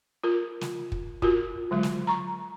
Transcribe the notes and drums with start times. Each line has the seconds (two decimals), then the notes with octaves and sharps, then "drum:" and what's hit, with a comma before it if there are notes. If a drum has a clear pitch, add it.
0.23 F4 A#4
0.61 drum: snare
0.92 drum: kick
1.22 F4 F#4 A#4, drum: kick
1.71 D3 F#3 G#3
1.83 drum: snare
2.07 A#5 C#6